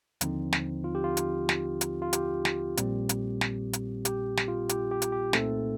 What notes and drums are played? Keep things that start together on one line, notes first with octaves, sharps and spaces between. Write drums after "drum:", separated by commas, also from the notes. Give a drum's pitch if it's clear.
D#2 D3 F3 C4 D#4, drum: hi-hat
drum: snare
F4
G4
F4
drum: hi-hat
drum: snare
drum: hi-hat
F4
G4, drum: hi-hat
drum: snare
A#1 A#2 G3 C4, drum: hi-hat
drum: hi-hat
drum: snare
drum: hi-hat
G4, drum: hi-hat
drum: snare
F4
G4, drum: hi-hat
G4
drum: hi-hat
G4
C2 A#2 A3 C4 D#4 A4, drum: snare